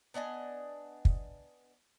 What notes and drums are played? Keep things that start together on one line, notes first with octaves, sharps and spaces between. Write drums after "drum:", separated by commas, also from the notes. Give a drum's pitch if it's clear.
B3 D4 D#5 G#5
drum: kick